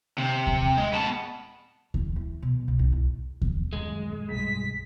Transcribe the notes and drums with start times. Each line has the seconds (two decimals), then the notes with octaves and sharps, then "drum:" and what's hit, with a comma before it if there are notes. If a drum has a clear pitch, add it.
0.18 C3
0.47 drum: kick D#2
0.77 G#3
0.93 B3 A5
1.94 E2, drum: kick D#2
2.16 E3
2.42 B2
2.68 C#2
2.79 B1
2.92 E2
3.42 drum: kick D#2
3.73 D#1 F#2 G#3
4.28 B1 G2 G3 B6